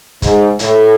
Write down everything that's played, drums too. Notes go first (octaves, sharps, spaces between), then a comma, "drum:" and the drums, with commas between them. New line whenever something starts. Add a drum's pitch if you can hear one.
G#2, drum: kick, hi-hat
A2, drum: hi-hat